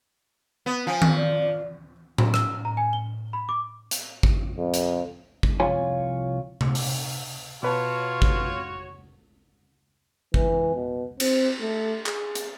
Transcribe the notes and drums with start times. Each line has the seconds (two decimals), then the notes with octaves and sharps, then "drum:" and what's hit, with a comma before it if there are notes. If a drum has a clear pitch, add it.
0.66 B3
0.87 F3 G#5
1.02 drum: tom D#3
1.16 D5
2.18 drum: tom A2
2.34 E6, drum: rim click
2.65 A#5
2.77 G#5
2.93 G7
3.33 B5
3.49 D6
3.91 drum: hi-hat
4.23 drum: kick G#1
4.57 F2
4.74 drum: hi-hat
5.43 drum: kick G#1
5.60 C2 F3 F4 C#5 G#5
6.61 drum: tom C3
6.75 drum: open hi-hat
7.63 B2 F4 F#4 B4 C#5 A5
8.22 drum: kick G#1
10.34 E3, drum: kick G#1
10.74 B2
11.20 C4, drum: cymbal
11.60 A3
12.06 G#4, drum: clap
12.35 drum: hi-hat